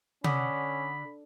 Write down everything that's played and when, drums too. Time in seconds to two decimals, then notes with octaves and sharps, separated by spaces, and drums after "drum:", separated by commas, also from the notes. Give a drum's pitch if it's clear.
0.24 D3 C#4 F#5 B5 D6 D#6, drum: tom C3